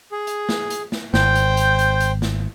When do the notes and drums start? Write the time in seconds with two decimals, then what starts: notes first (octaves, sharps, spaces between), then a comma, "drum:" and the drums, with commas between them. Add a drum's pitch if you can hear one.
0.12 G#4
0.27 drum: hi-hat
0.49 drum: snare
0.70 drum: hi-hat
0.92 drum: snare
1.14 G#1 C5 G5, drum: snare
1.35 drum: hi-hat
1.57 drum: hi-hat
1.79 drum: hi-hat
2.00 drum: hi-hat
2.22 drum: snare